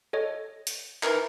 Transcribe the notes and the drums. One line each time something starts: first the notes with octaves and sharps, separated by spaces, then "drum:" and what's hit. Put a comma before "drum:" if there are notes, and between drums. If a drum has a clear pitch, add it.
A4 C#5 D#5
drum: hi-hat
D#3 E3 A#4, drum: clap